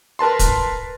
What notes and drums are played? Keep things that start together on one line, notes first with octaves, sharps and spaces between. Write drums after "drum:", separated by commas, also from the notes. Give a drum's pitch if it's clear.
A#4 B4 A5 C6
drum: kick, hi-hat